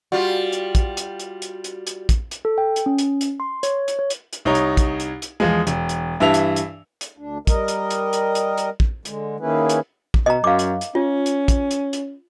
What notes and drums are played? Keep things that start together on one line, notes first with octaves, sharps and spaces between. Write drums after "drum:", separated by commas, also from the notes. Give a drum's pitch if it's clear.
G3 F4 F#4
drum: hi-hat
drum: kick, hi-hat
drum: hi-hat
drum: hi-hat
drum: hi-hat
drum: hi-hat
drum: hi-hat
drum: kick, hi-hat
drum: hi-hat
A4
G5
drum: hi-hat
C#4
drum: hi-hat
drum: hi-hat
C6
C#5, drum: hi-hat
drum: hi-hat
C#5
drum: hi-hat
drum: hi-hat
C2 D#4 C#5 A#5
drum: hi-hat
drum: kick, hi-hat
drum: hi-hat
drum: hi-hat
E2 F3 G#3
E1, drum: hi-hat
drum: hi-hat
G2 E3 E5 A5 F7
drum: hi-hat
drum: hi-hat
drum: hi-hat
D2 D4
G3 A#4 D#5, drum: kick, hi-hat
drum: hi-hat
drum: hi-hat
drum: hi-hat
drum: hi-hat
drum: hi-hat
drum: kick
D3 G#3, drum: hi-hat
D#3 A#3 C#4 E4 G#4 B4
drum: hi-hat
drum: kick
B2 D#5 A#5
F#2 F5 D6
drum: hi-hat
drum: hi-hat
C#4 F4
drum: hi-hat
drum: kick, hi-hat
drum: hi-hat
drum: hi-hat